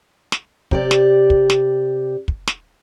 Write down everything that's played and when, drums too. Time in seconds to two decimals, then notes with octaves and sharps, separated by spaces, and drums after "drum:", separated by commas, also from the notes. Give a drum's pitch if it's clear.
0.32 drum: snare
0.71 C3 G4 D5, drum: kick
0.91 drum: snare
1.30 drum: kick
1.50 drum: snare
2.28 drum: kick
2.47 drum: snare